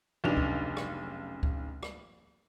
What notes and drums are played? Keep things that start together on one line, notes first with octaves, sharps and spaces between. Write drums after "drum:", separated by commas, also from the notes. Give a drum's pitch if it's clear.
F1 B1 C#3 D4 D#4 F7
drum: kick C#2
drum: rim click
drum: kick C#2
drum: rim click